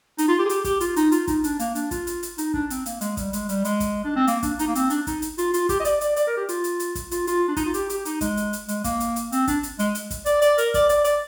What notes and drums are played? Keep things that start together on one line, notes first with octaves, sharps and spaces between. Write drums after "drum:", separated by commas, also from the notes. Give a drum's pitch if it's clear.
D#4, drum: hi-hat
F4
G4
G#4
G4, drum: hi-hat
G4, drum: kick, hi-hat
F4, drum: hi-hat
D#4, drum: hi-hat
F4, drum: hi-hat
D#4, drum: kick, hi-hat
D4, drum: hi-hat
A#3, drum: hi-hat
D4, drum: hi-hat
F4, drum: kick, hi-hat
drum: hi-hat
drum: hi-hat
D#4, drum: hi-hat
D4, drum: kick
C4, drum: hi-hat
A#3, drum: hi-hat
G#3, drum: hi-hat
G3, drum: kick, hi-hat
G#3, drum: hi-hat
G3, drum: hi-hat
G#3, drum: hi-hat
drum: kick, hi-hat
D4
C4
A#3, drum: hi-hat
D4, drum: kick, hi-hat
D#4, drum: hi-hat
A#3
C4, drum: hi-hat
D4, drum: hi-hat
D#4, drum: kick, hi-hat
drum: hi-hat
F4, drum: hi-hat
F4, drum: hi-hat
G4, drum: kick, hi-hat
D#5
D5, drum: hi-hat
D5, drum: hi-hat
D5, drum: hi-hat
A#4
G4
F4, drum: hi-hat
drum: hi-hat
drum: hi-hat
drum: kick, hi-hat
F4, drum: hi-hat
F4, drum: hi-hat
D4
D#4, drum: kick, hi-hat
F4
G4, drum: hi-hat
G4, drum: hi-hat
D#4, drum: hi-hat
G#3, drum: kick, hi-hat
drum: hi-hat
drum: hi-hat
G#3, drum: hi-hat
A#3, drum: kick, hi-hat
drum: hi-hat
drum: hi-hat
C4, drum: hi-hat
D4, drum: kick, hi-hat
drum: hi-hat
G#3, drum: hi-hat
drum: hi-hat
drum: kick, hi-hat
D5, drum: hi-hat
D5, drum: hi-hat
A#4, drum: hi-hat
D5, drum: kick, hi-hat
D5, drum: hi-hat
D5, drum: hi-hat